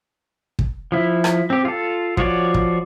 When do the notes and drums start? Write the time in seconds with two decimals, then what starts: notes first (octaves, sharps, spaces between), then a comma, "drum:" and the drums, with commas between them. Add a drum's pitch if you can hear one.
0.59 drum: kick
0.92 F3 E4
1.24 drum: rim click
1.50 C4 G4
1.65 F4 A4
2.17 F3 F4 F#4 C#5 D5, drum: kick
2.54 drum: kick